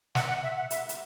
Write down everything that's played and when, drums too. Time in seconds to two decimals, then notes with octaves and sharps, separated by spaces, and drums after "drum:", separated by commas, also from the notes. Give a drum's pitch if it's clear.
0.15 F#5, drum: snare
0.29 F#5
0.43 E5
0.56 F#5
0.71 E5, drum: hi-hat
0.89 drum: hi-hat